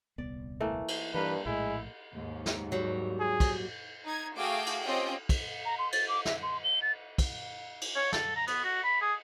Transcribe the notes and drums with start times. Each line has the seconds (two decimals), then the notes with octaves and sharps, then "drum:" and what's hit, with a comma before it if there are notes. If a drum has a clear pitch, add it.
0.18 D#1 C2 B3 D5
0.60 E3 A3 A#3
0.88 drum: cymbal
1.14 G2 E3 A#3 A#4 B4
1.46 A#1 A2 G#3 E4
2.14 D#2 G#2
2.46 drum: snare
2.72 F#3 G3
3.19 G#4
3.40 drum: kick, cymbal
4.05 D#4 G#6
4.38 A3 F#4 G#4 F5 G5 D6
4.66 drum: cymbal
4.84 C4 C#4 F4 G4 D#5 G5
5.29 drum: kick, cymbal
5.65 A#5
5.79 C6
5.92 A6, drum: cymbal
6.09 D6
6.25 E5, drum: snare
6.42 C6
6.64 G7
6.82 A6
7.18 drum: kick, cymbal
7.81 drum: cymbal
7.96 C#5
8.12 A4, drum: snare
8.36 A#5
8.47 B3, drum: cymbal
8.64 F#4
8.83 B5
9.01 G#4